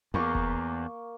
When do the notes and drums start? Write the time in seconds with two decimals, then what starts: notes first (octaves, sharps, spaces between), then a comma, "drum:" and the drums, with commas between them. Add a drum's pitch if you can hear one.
0.14 E2 A#3 C#6
0.35 drum: kick F1